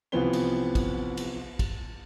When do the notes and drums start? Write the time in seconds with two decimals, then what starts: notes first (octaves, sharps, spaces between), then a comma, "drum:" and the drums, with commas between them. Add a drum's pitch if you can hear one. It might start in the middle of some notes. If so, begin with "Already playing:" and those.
0.12 C2 E3 F3 B3 C4 G7
0.33 drum: cymbal
0.75 drum: kick, cymbal
1.17 drum: cymbal
1.59 drum: kick, cymbal